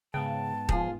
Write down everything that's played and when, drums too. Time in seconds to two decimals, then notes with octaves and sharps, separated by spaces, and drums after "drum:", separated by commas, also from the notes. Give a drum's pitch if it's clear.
0.14 G#2 C#3 B3 G5 A5
0.69 F3 F4 G#4, drum: kick D#1